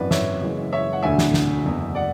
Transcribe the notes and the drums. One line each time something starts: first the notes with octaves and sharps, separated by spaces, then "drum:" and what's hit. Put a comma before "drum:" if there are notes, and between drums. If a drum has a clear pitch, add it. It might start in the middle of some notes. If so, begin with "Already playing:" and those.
Already playing: G#1 F#2 E3 B4 D5
C#5 E5, drum: snare
F#1 F#2 E3 G#3
C#5 E5
F#5
E1 D2 D3 E5 G#5
drum: snare
drum: snare
F#1 E2 B2
D5 F#5